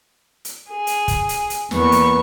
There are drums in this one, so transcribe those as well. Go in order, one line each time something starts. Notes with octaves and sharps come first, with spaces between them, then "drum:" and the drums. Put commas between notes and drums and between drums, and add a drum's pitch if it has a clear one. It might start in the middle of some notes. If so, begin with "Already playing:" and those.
drum: hi-hat
G#4
drum: hi-hat
drum: kick, hi-hat
drum: hi-hat
drum: hi-hat
E2 A#3 B3 C#6, drum: snare
drum: hi-hat